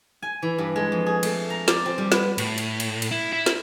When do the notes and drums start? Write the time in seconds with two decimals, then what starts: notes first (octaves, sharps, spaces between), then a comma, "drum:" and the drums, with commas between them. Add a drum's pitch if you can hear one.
0.22 G#5
0.42 E3
0.58 G2
0.76 G#3
0.92 F2
1.06 G#4
1.23 A3, drum: cymbal
1.50 A#5
1.68 D5, drum: snare
1.86 C4
1.98 G3
2.12 B3, drum: snare
2.38 A2, drum: cymbal
2.58 drum: cymbal
2.80 drum: cymbal
3.02 drum: cymbal
3.11 E4
3.33 E4
3.46 drum: snare